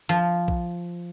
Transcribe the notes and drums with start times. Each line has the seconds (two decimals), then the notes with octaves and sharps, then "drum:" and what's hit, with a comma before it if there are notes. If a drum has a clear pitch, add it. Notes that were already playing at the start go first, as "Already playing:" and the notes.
0.09 F3
0.48 drum: kick